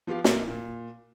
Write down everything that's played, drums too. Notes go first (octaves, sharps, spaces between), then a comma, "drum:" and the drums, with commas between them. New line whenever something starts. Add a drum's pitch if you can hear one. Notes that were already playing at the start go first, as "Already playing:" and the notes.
F3 B3 F4 G4 F5
A#2 A#3 E4, drum: snare
A#2